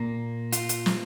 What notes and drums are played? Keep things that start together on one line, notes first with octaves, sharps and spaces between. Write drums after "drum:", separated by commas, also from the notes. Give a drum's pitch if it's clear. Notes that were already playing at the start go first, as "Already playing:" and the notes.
Already playing: A#2 A#3
F4, drum: hi-hat
drum: hi-hat
drum: snare